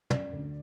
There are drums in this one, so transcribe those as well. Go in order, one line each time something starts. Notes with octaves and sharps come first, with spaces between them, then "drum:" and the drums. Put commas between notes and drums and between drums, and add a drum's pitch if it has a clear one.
F#2 D5, drum: tom
D2